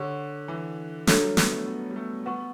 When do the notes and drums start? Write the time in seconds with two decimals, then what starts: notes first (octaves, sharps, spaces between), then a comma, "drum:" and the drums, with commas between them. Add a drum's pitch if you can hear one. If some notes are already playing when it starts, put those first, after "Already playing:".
Already playing: D3 G4 C#5 F#5 C#6
0.48 E3
1.07 F#3 D4 A4 C#5 E5, drum: snare
1.22 G3
1.37 B3, drum: snare
1.52 A3
1.66 B3
1.90 G3
1.96 A3
2.26 B3 B4 F#5 C#6